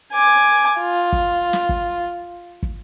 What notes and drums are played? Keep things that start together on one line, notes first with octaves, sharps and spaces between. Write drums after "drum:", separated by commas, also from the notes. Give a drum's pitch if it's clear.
G#5 D6
F4
drum: kick
drum: snare
drum: kick
drum: kick